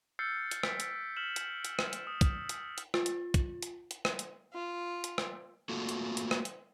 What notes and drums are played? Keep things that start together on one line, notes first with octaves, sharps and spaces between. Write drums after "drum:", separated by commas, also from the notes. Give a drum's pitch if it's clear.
E6 F6 G6 A6 C7 C#7
drum: hi-hat
B6 D7, drum: rim click
drum: hi-hat
F6 B6 E7 F#7
drum: hi-hat
drum: hi-hat
drum: rim click
drum: hi-hat
D#6
drum: kick, hi-hat
drum: hi-hat
drum: hi-hat
F4, drum: rim click
drum: hi-hat
drum: kick, hi-hat
drum: hi-hat
drum: hi-hat
drum: rim click
drum: hi-hat
F4
drum: hi-hat
drum: rim click
A3 A#3 F4 F#4 A4
drum: hi-hat
drum: hi-hat
drum: rim click
drum: hi-hat